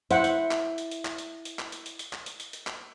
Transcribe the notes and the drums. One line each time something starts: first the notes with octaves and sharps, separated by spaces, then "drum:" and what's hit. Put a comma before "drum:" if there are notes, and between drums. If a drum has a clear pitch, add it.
E4 C5 F#5, drum: hi-hat
drum: hi-hat
drum: clap
drum: hi-hat
drum: hi-hat
drum: clap
drum: hi-hat
drum: hi-hat
drum: clap
drum: hi-hat
drum: hi-hat
drum: hi-hat
drum: clap
drum: hi-hat
drum: hi-hat
drum: hi-hat
drum: clap